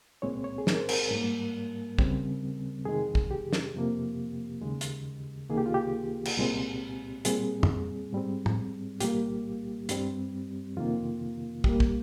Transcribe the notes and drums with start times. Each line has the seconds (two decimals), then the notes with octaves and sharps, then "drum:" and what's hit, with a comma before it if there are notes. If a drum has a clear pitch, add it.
0.22 C2 A#2 G#3 C4 C#5
0.44 C#5
0.58 G#4
0.67 A#4, drum: snare
0.81 C5
0.89 A#4, drum: cymbal
1.11 G#2 G3 A#3
1.99 D#2 C#3 G3 C4, drum: kick
2.86 F2 C3 D#3 G#3 G#4
3.15 drum: kick
3.31 G4
3.53 drum: snare
3.74 F2 C3 F3 A#3
4.61 D#2 C#3 G#3
4.81 drum: hi-hat
5.49 C#2 C3 D#3 A#3 G#4
5.58 G4
5.66 F4
5.74 G4
6.25 drum: cymbal
6.37 C2 A#2 G#3 C4
7.25 A#2 G3 C4 G#4, drum: hi-hat
7.63 drum: tom
8.13 G#2 G3 C4
8.46 drum: tom
9.00 C2 A#2 G3 A#3 G4, drum: hi-hat
9.89 G2 G3 C4, drum: hi-hat
10.77 F2 C3 D#3 A#3 F4
11.64 A#2 G3 A#3 G4, drum: kick
11.80 drum: kick